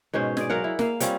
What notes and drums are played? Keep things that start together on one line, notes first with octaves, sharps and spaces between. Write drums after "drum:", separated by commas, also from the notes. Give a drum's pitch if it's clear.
G#2 B2 C#4 C5
G#4 D5, drum: snare
F#3 A#4 F5 F#5
E4
A#3 F5, drum: snare
G3 C4 C#4 F4, drum: hi-hat